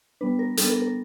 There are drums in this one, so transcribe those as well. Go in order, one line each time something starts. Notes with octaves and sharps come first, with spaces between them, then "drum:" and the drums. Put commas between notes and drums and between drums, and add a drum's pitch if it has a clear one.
G3 B3 D4 B4
A#4
G3 B3 D4 A4, drum: hi-hat
A#4
A#4